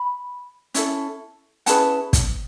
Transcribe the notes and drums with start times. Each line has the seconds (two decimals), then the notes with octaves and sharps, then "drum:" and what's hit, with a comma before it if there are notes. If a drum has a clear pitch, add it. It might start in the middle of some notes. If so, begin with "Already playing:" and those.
Already playing: B5
0.74 C#4 E4 A4, drum: hi-hat
1.66 C#4 E4 G#4 B4 F#5 A5, drum: hi-hat
2.13 drum: kick, hi-hat